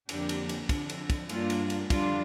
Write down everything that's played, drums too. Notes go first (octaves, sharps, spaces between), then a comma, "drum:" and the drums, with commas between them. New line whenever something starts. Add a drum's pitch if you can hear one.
F2 D3 A#3 D4 G4, drum: cymbal
drum: cymbal
drum: cymbal
F2 D3 F3 D4, drum: kick, cymbal
drum: cymbal
drum: kick, cymbal
G2 G3 A#3 D4 F4, drum: cymbal
drum: cymbal
drum: cymbal
F2 D3 G3 D4 F4, drum: kick, cymbal